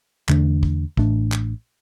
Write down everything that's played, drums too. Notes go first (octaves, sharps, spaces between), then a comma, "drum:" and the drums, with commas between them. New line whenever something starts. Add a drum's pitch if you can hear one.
E2 D3 A3 D4, drum: clap
drum: kick
A1 A2 A3 D4, drum: kick
drum: clap